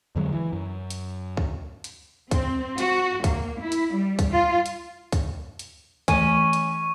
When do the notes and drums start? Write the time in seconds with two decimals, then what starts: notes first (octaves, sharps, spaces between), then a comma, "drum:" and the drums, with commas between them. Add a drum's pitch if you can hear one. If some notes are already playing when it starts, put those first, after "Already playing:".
0.16 F2 D3 F#3 G#3
0.33 E3
0.53 F#2
0.90 drum: hi-hat
1.37 drum: kick C#2
1.84 drum: hi-hat
2.31 C4, drum: kick C#2, hi-hat
2.78 F#4, drum: hi-hat
3.24 A#3, drum: kick C#2, hi-hat
3.62 E4
3.72 drum: hi-hat
3.94 G3
4.19 drum: kick C#2, hi-hat
4.32 F4
4.66 drum: hi-hat
5.12 drum: kick C#2, hi-hat
5.59 drum: hi-hat
6.08 E3 A3 C#4 G#5 C#6 D#7, drum: kick C#2, hi-hat
6.53 drum: hi-hat